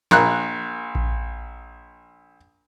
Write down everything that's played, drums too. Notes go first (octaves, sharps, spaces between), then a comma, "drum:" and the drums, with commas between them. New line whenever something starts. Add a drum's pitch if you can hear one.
A#1 F#6, drum: snare
drum: kick A#1